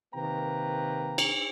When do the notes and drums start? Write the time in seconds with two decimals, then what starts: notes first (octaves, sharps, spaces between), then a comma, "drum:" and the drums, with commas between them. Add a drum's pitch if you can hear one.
0.15 C3 D#3 A#3 B4 G5 A#5
1.18 drum: cymbal